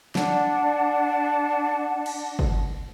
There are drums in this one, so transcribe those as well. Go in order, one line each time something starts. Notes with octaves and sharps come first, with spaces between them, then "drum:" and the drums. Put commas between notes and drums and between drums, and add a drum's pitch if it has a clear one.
D4 D5 F#5 A5, drum: snare
drum: cymbal
drum: kick